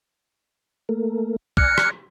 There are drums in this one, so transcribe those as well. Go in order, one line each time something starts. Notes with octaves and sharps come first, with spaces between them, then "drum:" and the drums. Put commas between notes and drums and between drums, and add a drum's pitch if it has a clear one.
A3 A#3
D5 G#5 A#5 F6 F#6 C#7, drum: kick
drum: rim click